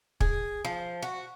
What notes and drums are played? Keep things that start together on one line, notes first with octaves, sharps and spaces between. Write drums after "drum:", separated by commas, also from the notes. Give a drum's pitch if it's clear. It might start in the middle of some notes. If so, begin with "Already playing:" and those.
G#4, drum: kick
F3
F#4